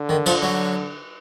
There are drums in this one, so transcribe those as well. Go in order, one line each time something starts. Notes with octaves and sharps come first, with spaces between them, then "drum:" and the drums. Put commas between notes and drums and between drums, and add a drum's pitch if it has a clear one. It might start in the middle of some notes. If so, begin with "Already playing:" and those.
Already playing: D3
D#3
F3, drum: cymbal
F#3